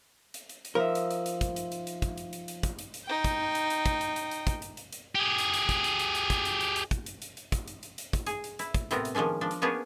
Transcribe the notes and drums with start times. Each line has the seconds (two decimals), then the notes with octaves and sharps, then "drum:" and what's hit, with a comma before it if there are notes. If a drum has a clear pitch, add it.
0.34 drum: hi-hat
0.49 drum: hi-hat
0.65 drum: hi-hat
0.75 F3 D#4 A#4 E5
0.95 drum: hi-hat
1.11 drum: hi-hat
1.26 drum: hi-hat
1.41 drum: kick, hi-hat
1.56 drum: hi-hat
1.72 drum: hi-hat
1.87 drum: hi-hat
2.02 drum: kick, hi-hat
2.18 drum: hi-hat
2.33 drum: hi-hat
2.48 drum: hi-hat
2.63 drum: kick, hi-hat
2.79 drum: hi-hat
2.94 drum: hi-hat
3.05 D#4 G5
3.24 drum: kick, hi-hat
3.55 drum: hi-hat
3.70 drum: hi-hat
3.86 drum: kick, hi-hat
4.01 drum: hi-hat
4.16 drum: hi-hat
4.31 drum: hi-hat
4.47 drum: kick, hi-hat
4.62 drum: hi-hat
4.77 drum: hi-hat
4.93 drum: hi-hat
5.15 G4 G#4
5.38 drum: hi-hat
5.54 drum: hi-hat
5.69 drum: kick, hi-hat
5.84 drum: hi-hat
5.99 drum: hi-hat
6.15 drum: hi-hat
6.30 drum: kick, hi-hat
6.45 drum: hi-hat
6.61 drum: hi-hat
6.76 drum: hi-hat
6.91 drum: kick, hi-hat
7.06 drum: hi-hat
7.22 drum: hi-hat
7.37 drum: hi-hat
7.52 drum: kick, hi-hat
7.68 drum: hi-hat
7.83 drum: hi-hat
7.98 drum: hi-hat
8.13 drum: kick, hi-hat
8.26 G#4, drum: hi-hat
8.44 drum: hi-hat
8.59 E4, drum: hi-hat
8.74 drum: kick, hi-hat
8.91 A2 C3 B3 C4 A#4, drum: hi-hat
9.05 drum: hi-hat
9.15 D#3 F3 G#3 C#4 D4
9.41 F3 D4
9.51 drum: hi-hat
9.62 A#3 B3 C#4 D4 G#4